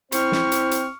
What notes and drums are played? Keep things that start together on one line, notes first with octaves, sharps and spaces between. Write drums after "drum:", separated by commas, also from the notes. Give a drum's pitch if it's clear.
C4 E4 C5 C#6 F6, drum: hi-hat
drum: snare
drum: hi-hat
drum: hi-hat